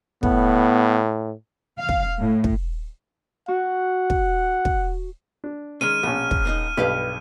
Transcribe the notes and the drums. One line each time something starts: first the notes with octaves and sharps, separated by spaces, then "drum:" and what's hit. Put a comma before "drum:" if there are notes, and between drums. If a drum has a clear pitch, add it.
A2 B3, drum: kick
F5
drum: kick
A2
drum: kick
F#4 F#5
drum: kick
drum: kick
D4
D#3 G#3 C#4 F6 D#7
A#1 B2 C#4
drum: kick
A#3 D#4 D#5
B1 G2 G4 B4 F5